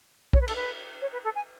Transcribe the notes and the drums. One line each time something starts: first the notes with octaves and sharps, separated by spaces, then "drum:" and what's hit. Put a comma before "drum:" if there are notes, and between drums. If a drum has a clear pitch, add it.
C#5, drum: kick B1
B4
A4, drum: cymbal
B4
C#5
B4
A4
G#5